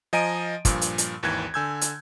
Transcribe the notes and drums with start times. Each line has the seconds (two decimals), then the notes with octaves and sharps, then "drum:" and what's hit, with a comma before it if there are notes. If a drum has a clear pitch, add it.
0.13 F3 D#5 G#5 A#5 D7 D#7
0.65 G2 A#2 F3, drum: kick, hi-hat
0.81 drum: hi-hat
0.98 drum: hi-hat
1.23 G#1 D#2 E3 F#6 G#6
1.54 D3 G#5 E6 G6 G#6
1.81 drum: hi-hat